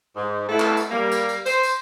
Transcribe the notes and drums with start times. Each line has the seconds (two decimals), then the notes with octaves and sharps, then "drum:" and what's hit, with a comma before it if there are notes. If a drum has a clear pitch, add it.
0.16 G#2
0.49 A3 B3 E4 A4
0.60 drum: clap
0.77 drum: tambourine
0.91 G3 A#3
1.12 drum: tambourine
1.29 drum: tambourine
1.46 C5, drum: tambourine
1.63 drum: tambourine